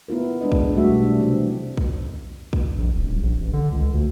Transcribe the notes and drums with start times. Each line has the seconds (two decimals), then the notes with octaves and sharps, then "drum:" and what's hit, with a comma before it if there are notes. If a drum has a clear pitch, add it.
0.08 B3 E4 F4 A#4
0.41 G#3 D4 B4 D#5
0.52 drum: kick A#1
0.73 G3 A3 F#4 E5
0.90 B2
1.03 D4
1.19 C3 E3 F#3 C4
1.77 drum: kick A#1
2.53 drum: kick A#1
2.78 A#1
2.95 D1
3.08 D#1
3.23 A#1
3.41 A1
3.53 D3
3.72 C#2
3.94 D2